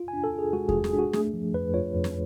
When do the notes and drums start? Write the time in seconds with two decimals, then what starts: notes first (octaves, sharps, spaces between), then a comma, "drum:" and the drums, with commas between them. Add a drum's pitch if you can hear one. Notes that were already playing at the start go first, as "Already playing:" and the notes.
Already playing: F4
0.08 G#5
0.13 D4
0.24 A4
0.33 F4
0.39 G#4
0.53 G#3 F#4
0.69 G#4, drum: kick E2
0.73 G#3
0.84 G#4, drum: snare
0.93 D4
0.99 F#4
1.13 A3 G#4, drum: snare
1.34 F3
1.54 F2 B4
1.74 F4 C#5
1.94 F2
2.04 drum: snare